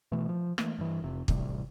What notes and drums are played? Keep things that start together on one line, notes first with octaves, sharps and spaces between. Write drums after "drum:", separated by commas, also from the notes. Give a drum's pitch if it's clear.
B2 E3 A3
F3
E3 A3 A#3, drum: rim click
G2 E3
F1 C3
A1 C3 F#3 G3, drum: kick